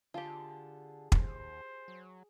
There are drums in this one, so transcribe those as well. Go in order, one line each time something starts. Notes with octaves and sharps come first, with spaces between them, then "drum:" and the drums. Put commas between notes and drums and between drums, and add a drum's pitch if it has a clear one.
D3 F4 G4 G#4 A5
D#2 C5, drum: kick
F#3